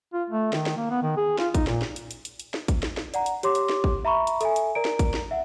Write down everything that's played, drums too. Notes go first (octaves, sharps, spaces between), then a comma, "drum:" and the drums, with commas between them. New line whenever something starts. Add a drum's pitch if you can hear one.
F4
A3
D#3, drum: snare
drum: snare
A#3
B3
D#3
G#4
F4, drum: snare
D#4, drum: kick, hi-hat
A#2, drum: snare
drum: snare
drum: hi-hat
drum: hi-hat
drum: hi-hat
drum: hi-hat
drum: snare
drum: kick, hi-hat
drum: snare
drum: snare
D5 F#5 A#5, drum: hi-hat
drum: hi-hat
G4 C#5 C6 D6, drum: hi-hat
drum: hi-hat
drum: snare
drum: kick
E5 A#5 B5 C#6
drum: hi-hat
A4 E5 G#5, drum: hi-hat
drum: hi-hat
A#4 D5 A#5 D7
drum: snare
drum: kick, hi-hat
drum: snare
E5 F#5